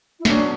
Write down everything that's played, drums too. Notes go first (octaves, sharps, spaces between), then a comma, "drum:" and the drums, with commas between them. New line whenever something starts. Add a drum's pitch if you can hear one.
E4
B2 F#3 C#4 D4, drum: snare